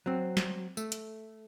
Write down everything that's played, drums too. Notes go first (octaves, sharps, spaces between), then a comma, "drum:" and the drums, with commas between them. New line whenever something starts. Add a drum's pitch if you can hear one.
F#3 C4
drum: snare
A3, drum: tambourine
drum: hi-hat